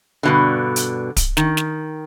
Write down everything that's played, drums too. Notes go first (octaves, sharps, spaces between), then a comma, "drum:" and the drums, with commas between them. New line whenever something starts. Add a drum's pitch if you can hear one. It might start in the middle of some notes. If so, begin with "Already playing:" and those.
G2 B2 D3
drum: hi-hat
drum: kick D1, hi-hat
D#3, drum: snare
drum: snare